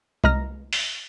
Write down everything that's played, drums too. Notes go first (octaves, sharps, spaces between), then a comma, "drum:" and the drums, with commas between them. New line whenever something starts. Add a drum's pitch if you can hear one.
C2 D#5 A#5 F6 A#6, drum: tom G#3
drum: open hi-hat